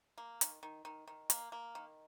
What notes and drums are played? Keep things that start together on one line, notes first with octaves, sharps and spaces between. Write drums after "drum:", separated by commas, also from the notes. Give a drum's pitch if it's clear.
A#3
D#3, drum: hi-hat
D#3
D#3
D#3
A#3, drum: hi-hat
A#3
D#3